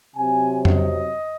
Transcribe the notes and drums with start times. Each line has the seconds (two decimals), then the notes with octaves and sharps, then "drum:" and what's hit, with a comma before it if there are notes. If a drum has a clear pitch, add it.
0.16 C3 F#3 C4 G#5
0.65 D#5, drum: tom F2